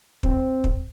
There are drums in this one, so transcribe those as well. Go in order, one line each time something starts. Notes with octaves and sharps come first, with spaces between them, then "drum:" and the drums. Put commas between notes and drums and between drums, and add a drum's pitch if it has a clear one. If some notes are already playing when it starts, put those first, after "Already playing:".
C4, drum: kick
drum: kick